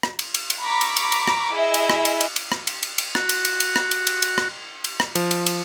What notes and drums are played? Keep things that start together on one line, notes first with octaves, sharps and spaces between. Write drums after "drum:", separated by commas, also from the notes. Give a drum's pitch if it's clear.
drum: rim click
drum: cymbal
drum: cymbal
drum: cymbal
A#5 B5 C#6 D6 B6
drum: cymbal
drum: cymbal
drum: cymbal
drum: rim click
E4 G#4 D#5 E5
drum: cymbal
drum: rim click
drum: cymbal
drum: cymbal
drum: cymbal
drum: rim click
drum: cymbal
drum: cymbal
drum: cymbal
F#4, drum: rim click
drum: cymbal
drum: cymbal
drum: cymbal
drum: rim click
drum: cymbal
drum: cymbal
drum: cymbal
drum: rim click
drum: cymbal
drum: rim click
F3, drum: cymbal
drum: cymbal
drum: cymbal